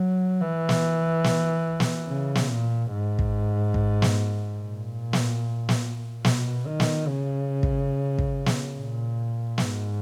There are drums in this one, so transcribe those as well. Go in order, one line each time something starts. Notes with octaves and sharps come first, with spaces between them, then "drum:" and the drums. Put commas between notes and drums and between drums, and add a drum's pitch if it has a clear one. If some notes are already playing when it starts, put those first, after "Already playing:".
Already playing: F#3
E3
drum: snare
drum: snare
drum: snare
C#3
drum: snare
A#2
G#2
drum: kick
drum: kick
drum: snare
A#2
drum: snare
drum: snare
B2, drum: snare
D#3
drum: snare
C#3
drum: kick
drum: kick
drum: snare
A#2
G#2, drum: snare